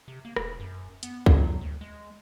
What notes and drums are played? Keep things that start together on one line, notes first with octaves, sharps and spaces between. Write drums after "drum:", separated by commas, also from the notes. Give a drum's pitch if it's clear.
C3
A#3
E1, drum: rim click
F#2
B3, drum: hi-hat
F#3, drum: kick
D2
G#3